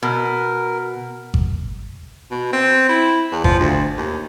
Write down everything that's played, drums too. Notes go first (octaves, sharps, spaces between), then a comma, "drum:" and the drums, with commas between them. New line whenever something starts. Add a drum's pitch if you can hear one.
B2 A#4
drum: kick G#1
B2
C4
E4
E2
F3, drum: kick G#1
D2
D#2